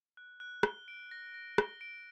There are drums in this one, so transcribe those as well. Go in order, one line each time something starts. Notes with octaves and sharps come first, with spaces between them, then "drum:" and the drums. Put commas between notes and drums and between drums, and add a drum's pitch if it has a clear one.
F#6
F#6
G7, drum: rim click
D7
A#6
A#6
G7, drum: rim click
D7